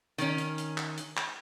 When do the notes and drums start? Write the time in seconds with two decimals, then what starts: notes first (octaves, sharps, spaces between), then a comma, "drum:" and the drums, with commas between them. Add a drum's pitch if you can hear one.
0.18 D#3 C#4, drum: hi-hat
0.38 drum: hi-hat
0.58 drum: hi-hat
0.78 drum: clap
0.97 drum: hi-hat
1.17 drum: clap